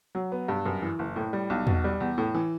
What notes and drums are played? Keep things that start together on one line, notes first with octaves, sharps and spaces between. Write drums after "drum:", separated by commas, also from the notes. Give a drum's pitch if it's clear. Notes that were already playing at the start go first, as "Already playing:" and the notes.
F#3
B3
G2
F#2
E3
F#1
A2
G3
B1
B2, drum: tom E2
G3
E2
A2
E3